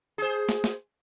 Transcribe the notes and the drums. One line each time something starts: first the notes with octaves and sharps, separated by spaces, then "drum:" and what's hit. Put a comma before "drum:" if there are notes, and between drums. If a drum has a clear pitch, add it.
G#4 C5
drum: snare
drum: snare